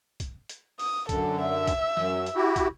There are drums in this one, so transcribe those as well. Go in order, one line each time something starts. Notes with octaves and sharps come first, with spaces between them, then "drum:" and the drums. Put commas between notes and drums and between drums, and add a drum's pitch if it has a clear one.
drum: kick, hi-hat
drum: hi-hat
D#6, drum: open hi-hat
F#2 D3 A4, drum: kick, hi-hat
E5 E6
drum: kick, hi-hat
F#2, drum: snare
drum: hi-hat
E4 F#4 G4
drum: kick, hi-hat